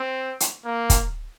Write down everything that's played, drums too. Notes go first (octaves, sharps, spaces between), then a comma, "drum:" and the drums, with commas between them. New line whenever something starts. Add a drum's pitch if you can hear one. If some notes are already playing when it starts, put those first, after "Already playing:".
Already playing: C4
drum: hi-hat
A#3
drum: kick, hi-hat